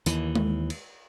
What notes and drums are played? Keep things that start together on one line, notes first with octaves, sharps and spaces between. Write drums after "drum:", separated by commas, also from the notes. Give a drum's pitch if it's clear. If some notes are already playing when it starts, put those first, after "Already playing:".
D#2 E3, drum: tambourine
drum: tom G#3
drum: cymbal